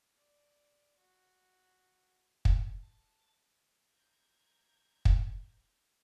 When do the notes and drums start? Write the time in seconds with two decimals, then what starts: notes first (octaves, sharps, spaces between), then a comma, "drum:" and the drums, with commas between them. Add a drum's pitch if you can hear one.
0.17 D5
0.98 F#4
2.45 drum: kick
2.83 A5
3.90 A#5 G6 G#6
5.05 drum: kick